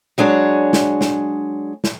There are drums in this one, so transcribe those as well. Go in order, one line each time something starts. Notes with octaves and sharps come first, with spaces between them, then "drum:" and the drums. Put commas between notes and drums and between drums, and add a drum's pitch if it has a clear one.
F#3 G#3 D4 G#4 C#5
drum: snare
drum: snare
drum: snare